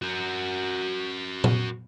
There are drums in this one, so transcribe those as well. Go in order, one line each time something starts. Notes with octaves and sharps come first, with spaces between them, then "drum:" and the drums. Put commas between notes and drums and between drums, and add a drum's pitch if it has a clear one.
F#4 A#4
drum: tom A#2